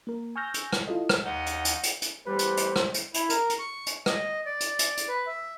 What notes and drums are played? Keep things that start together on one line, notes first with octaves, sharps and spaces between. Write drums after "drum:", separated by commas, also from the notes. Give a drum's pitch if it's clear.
A#3 A#4
G#5 C#6 E6 F6 G6 A#6
drum: hi-hat
drum: rim click
E4 F4 A4 D#5
drum: rim click
D#2 D#4 D#5 F#5
drum: hi-hat
drum: hi-hat
drum: hi-hat
drum: hi-hat
E2 G3 A3 G4 B4 C5
drum: hi-hat
drum: hi-hat
drum: rim click
drum: hi-hat
E4, drum: hi-hat
A#4, drum: hi-hat
drum: hi-hat
C#6
drum: hi-hat
D#5, drum: rim click
D5
drum: hi-hat
drum: hi-hat
drum: hi-hat
B4
E5